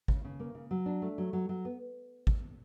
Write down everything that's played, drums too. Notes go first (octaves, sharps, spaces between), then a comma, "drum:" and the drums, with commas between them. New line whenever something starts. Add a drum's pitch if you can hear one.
C#3, drum: kick
C#3
A#3
C#3
F#3
D4
A3
F#3
F#3
F#3
B3
drum: kick